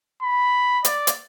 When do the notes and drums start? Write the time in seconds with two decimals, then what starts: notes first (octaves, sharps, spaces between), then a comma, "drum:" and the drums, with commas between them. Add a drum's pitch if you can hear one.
0.22 B5
0.84 D5, drum: hi-hat
1.07 drum: hi-hat